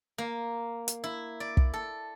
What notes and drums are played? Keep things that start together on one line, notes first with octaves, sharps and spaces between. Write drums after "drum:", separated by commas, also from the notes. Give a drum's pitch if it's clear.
A#3
drum: hi-hat
E4
D5
drum: kick
A4